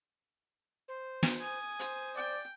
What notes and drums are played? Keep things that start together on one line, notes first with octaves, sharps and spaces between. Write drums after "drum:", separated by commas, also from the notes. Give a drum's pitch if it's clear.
C5
drum: snare
G#5 D#6
C5, drum: hi-hat
D5 G5